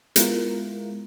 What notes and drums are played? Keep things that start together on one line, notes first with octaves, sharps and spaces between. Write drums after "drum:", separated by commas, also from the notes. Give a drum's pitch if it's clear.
G#3 B3 E4 F4 A#4, drum: hi-hat